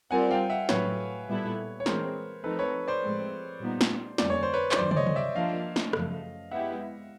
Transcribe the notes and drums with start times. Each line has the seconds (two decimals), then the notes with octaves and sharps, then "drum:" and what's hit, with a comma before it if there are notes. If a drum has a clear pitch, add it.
0.11 G3 C4 F4 A#4 D5 F#5 G#5
0.31 F5 G5
0.50 E5 F#5
0.69 A2 F#3 A3 B4 C#5, drum: snare
1.27 A#2 G3 B3 E4 A4
1.80 C#5
1.86 E3 G#3 C4 A#4 C5, drum: snare
2.43 F3 A3 C4 D#4 A4 B4
2.59 B4 C#5
2.88 C5 D5
3.02 A2 F3 G#3 C4
3.60 A#2 G3 B3 D#4
3.81 drum: snare
4.18 F2 D3 G3 A#3 C#4 D5, drum: snare
4.30 C#5
4.43 C5
4.53 B4 C#5
4.72 C#5, drum: clap
4.76 G2 D#3 F#3 C5 D5
4.91 D5, drum: tom
4.96 C#5 D#5
5.07 drum: tom
5.16 D5 E5
5.35 F3 A#3 D4 F4 D#5 F5
5.76 drum: snare
5.93 F#2 C#3 F3 A3, drum: rim click
6.51 G#3 B3 E4 G4 E5 F#5